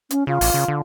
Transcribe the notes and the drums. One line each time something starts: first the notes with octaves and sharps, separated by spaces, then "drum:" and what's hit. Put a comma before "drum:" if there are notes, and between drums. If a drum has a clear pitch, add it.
C#4, drum: hi-hat
C#3 F4
A1, drum: open hi-hat
C#3
D3